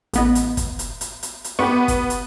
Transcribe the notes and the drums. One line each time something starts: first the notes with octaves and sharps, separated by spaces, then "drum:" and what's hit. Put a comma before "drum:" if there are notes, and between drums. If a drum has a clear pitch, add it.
A1 B3 D#5, drum: hi-hat
drum: hi-hat
drum: kick, hi-hat
drum: hi-hat
drum: hi-hat
drum: hi-hat
drum: hi-hat
B3 G4 B4 C#6
drum: kick, hi-hat
drum: hi-hat